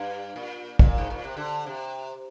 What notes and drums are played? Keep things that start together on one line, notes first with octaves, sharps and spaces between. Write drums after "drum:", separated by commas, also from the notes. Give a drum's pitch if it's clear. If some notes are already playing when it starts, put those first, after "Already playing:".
Already playing: G2
A#2
A#2, drum: kick
G#2
A#2
C3
D3
C3